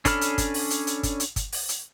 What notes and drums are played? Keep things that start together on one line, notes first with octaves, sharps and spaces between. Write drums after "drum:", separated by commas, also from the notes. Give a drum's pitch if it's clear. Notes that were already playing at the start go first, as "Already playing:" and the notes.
C#4 D4 A4 B5 F6, drum: kick G1, hi-hat
drum: hi-hat
drum: kick G1, hi-hat
drum: open hi-hat
drum: hi-hat
drum: hi-hat
drum: kick G1, hi-hat
drum: hi-hat
drum: kick G1, hi-hat
drum: open hi-hat
drum: hi-hat